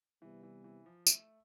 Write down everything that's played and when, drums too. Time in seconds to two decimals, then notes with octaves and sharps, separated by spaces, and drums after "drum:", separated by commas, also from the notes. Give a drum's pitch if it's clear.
0.22 C3 E3 G3 B3
0.43 E3
0.64 E3
0.86 F3
1.07 A3, drum: tambourine